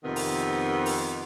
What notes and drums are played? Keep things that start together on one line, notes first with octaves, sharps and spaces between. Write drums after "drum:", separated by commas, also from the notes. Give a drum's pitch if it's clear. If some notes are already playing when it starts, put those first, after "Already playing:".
F2 C3 D#3 B3
drum: open hi-hat
drum: open hi-hat